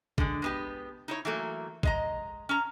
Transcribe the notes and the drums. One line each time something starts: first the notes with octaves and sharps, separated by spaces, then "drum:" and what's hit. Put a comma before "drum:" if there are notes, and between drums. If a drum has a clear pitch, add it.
D3 G#3, drum: kick
G#3 B3 G4
D#4 E4 C#5
E3 F#3 A3 A#3
G#3 D#5 A#5, drum: kick
C#4 A#5